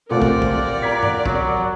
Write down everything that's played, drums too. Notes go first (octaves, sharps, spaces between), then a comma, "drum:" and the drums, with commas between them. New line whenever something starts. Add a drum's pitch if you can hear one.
A#2 A3 C4 F4 G4 A#4 D5 F#5
drum: kick
drum: kick
A#5 G#6 B6
drum: tom G2
F#3, drum: kick